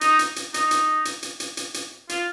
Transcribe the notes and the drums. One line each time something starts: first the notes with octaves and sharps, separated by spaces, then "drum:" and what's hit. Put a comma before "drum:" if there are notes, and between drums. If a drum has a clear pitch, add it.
D#4, drum: hi-hat
drum: hi-hat
drum: hi-hat
D#4, drum: hi-hat
drum: hi-hat
drum: hi-hat
drum: hi-hat
drum: hi-hat
drum: hi-hat
drum: hi-hat
F4, drum: hi-hat